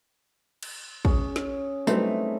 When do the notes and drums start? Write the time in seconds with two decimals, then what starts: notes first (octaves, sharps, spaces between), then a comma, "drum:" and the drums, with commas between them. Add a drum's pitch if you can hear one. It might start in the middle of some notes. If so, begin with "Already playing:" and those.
0.63 drum: cymbal
1.05 C#4 G#4 C#5, drum: kick
1.36 drum: snare
1.87 F#3 G3 A3 C4 D#4 E4 B4, drum: tambourine